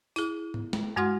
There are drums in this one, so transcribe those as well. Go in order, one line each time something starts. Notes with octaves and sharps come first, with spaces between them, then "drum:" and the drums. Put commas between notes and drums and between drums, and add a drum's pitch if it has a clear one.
E4 G#4, drum: tambourine
drum: tom
drum: snare
G2 G#3 F#4 F#5 C6 F6